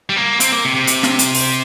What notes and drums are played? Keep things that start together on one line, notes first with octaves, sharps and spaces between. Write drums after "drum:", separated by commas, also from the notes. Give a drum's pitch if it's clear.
G3
A#3
C4, drum: hi-hat
A#3
C3
C3
drum: hi-hat
drum: snare
drum: hi-hat
drum: open hi-hat